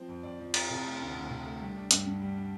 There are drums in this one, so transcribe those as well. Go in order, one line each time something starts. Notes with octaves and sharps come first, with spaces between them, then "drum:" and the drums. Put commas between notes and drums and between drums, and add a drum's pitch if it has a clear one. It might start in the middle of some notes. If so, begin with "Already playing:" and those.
Already playing: F3 C4 C5
F2
F2 D5
F3
C4 C5, drum: cymbal
C3 A4
A3
D2
D2
C3
A3
G3
D4
G2, drum: hi-hat
G2
G3
D4